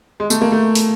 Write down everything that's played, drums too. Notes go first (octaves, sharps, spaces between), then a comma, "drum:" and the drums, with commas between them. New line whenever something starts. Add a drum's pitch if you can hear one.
G#3
A3, drum: tambourine
A#3
A3
drum: open hi-hat